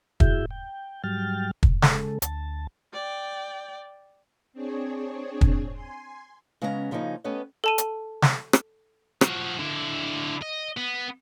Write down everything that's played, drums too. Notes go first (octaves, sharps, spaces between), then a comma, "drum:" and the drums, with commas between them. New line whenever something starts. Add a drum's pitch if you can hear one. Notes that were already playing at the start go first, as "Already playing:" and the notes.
G2 E4 F#4 G#4 E5 G6, drum: kick
G5
G#2 F#3 G3 G5 F6 A6
drum: kick
C#3 G#3 A4, drum: snare
D2 A5, drum: hi-hat
D5 G5
C4 D4 G#4 C#5
drum: kick
G#5 C6
C#3 G#3 B3 C#4 C#5 A#5
C#3 F3 A#3 C#4 D#4
A3 B3 C#4 G4 B4 D#5
A4 A5 D#7
drum: hi-hat
drum: snare
drum: rim click
F3 F#4, drum: rim click
D3 E4
D#5
B3